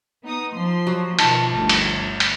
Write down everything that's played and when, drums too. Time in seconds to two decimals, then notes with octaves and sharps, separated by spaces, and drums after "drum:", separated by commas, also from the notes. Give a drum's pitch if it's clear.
0.24 B3 D#4 D#6
0.54 F3 C6
0.87 F#3
1.19 B2 D#3 F3 A5, drum: cymbal
1.54 G1 D2 D#3
1.69 drum: cymbal
1.99 D3
2.20 drum: cymbal